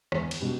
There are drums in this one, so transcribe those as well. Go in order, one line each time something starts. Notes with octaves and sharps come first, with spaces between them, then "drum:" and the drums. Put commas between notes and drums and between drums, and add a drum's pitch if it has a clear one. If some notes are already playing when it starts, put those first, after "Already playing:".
E2, drum: rim click
drum: cymbal
B2 G3